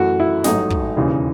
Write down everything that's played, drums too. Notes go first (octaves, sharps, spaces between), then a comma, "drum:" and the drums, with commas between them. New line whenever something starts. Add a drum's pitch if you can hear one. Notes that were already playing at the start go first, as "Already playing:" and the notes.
Already playing: F#2 E3 A3 F#4
E4
A1 G#2 F#3 A3 D#4, drum: snare
drum: kick
E1 D#2 C#3 E3